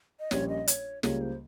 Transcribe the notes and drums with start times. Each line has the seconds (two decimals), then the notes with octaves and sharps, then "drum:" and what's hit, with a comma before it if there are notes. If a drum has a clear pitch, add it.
0.20 D#5
0.31 A#1 A#2 G3 C#4 C#5, drum: snare
0.48 D#5
0.68 C#5, drum: hi-hat
1.03 C#2 C#3 G3 A#3 F4 C#5, drum: snare
1.21 C5